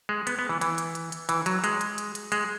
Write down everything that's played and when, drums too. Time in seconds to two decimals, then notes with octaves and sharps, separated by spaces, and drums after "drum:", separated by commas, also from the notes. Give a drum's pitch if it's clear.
0.09 G#3
0.27 B3, drum: hi-hat
0.39 B3
0.49 E3
0.61 E3, drum: hi-hat
0.78 drum: hi-hat
0.95 drum: hi-hat
1.12 drum: hi-hat
1.29 E3, drum: hi-hat
1.46 F#3, drum: hi-hat
1.64 G#3, drum: hi-hat
1.81 drum: hi-hat
1.98 drum: hi-hat
2.15 drum: hi-hat
2.32 G#3, drum: hi-hat